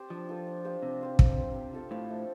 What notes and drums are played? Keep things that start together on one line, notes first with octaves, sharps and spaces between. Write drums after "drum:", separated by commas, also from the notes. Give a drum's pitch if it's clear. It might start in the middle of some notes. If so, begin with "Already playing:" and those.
Already playing: C4 G4 C5 D5
F3 D4
F4 A4 C5
D4
G4 C5 F5
C3 D4
G4 C5 F5
C4, drum: kick
G4 C5
C4
F4 A4 F5
A2 F3
A3 D4